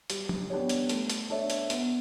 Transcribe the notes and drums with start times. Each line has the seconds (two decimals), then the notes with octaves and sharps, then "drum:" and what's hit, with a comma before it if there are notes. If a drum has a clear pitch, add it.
0.10 G3, drum: hi-hat
0.29 drum: tom F3
0.50 B3 D4 G4 C#5
0.69 drum: hi-hat
0.89 A3, drum: hi-hat
1.10 drum: hi-hat
1.30 D4 A4 C#5 E5
1.50 drum: hi-hat
1.70 B3, drum: hi-hat